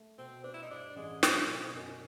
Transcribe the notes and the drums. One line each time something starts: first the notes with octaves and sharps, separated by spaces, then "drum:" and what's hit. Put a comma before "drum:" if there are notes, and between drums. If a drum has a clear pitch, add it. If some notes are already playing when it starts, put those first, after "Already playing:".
Already playing: A3
B2 C4
C4 D4
E4
D#4
G2 D4
A1 G#3
F3 F#3, drum: snare
B2
D3
F#2 D#3